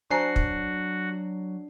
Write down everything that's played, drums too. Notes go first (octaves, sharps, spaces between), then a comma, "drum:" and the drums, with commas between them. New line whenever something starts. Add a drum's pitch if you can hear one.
F#3 D4 F#4 C5 G#5 A#5 C7
drum: kick